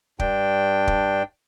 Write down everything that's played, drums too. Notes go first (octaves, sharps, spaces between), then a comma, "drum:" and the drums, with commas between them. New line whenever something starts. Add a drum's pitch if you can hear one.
G2 D4 G5, drum: kick
drum: kick